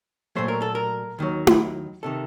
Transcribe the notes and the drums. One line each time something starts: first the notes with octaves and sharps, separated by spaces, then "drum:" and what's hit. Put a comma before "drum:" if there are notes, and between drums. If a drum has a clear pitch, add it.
A#2 F#3 A3 C5
A#4
A4
A#4
D#2 D#3 F#3
drum: tom E4
C3 D#3 A4